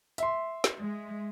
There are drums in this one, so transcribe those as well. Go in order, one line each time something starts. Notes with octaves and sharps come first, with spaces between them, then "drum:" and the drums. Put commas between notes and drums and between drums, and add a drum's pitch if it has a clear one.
E5 C6, drum: hi-hat
drum: snare
G#3